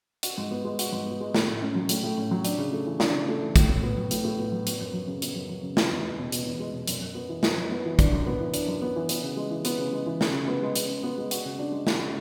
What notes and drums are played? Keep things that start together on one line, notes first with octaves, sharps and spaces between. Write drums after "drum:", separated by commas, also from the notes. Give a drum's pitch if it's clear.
F#4, drum: hi-hat
G#2
B3
G#3
F#4, drum: hi-hat
G#2
B3
G#3
A2, drum: snare
A2
C#4
F#3
A2, drum: hi-hat
A2
C#4
F#3
D4, drum: hi-hat
C#3
A3
E3
D4, drum: snare
C#3
A3
E3
A2, drum: kick, hi-hat
A2
B3
F#3
A2, drum: hi-hat
A2
B3
F#3
B3, drum: hi-hat
F#2
F#3
C#3
B3, drum: hi-hat
F#2
F#3
C#3
B3, drum: snare
E2
G#3
B2
B3, drum: hi-hat
E2
G#3
B2
F#2, drum: hi-hat
F#2
B3
E3
F#2, drum: snare
F#2
B3
E3
D4, drum: kick, hi-hat
F#2
B3
E3
D4, drum: hi-hat
F#2
B3
E3
B3, drum: hi-hat
C#3
G#3
E3
B3, drum: hi-hat
C#3
G#3
E3
C#3, drum: snare
C#3
B3
G#3
C#3, drum: hi-hat
C#3
B3
G#3
F#4, drum: hi-hat
C#3
D4
G#3
F#4, drum: snare
C#3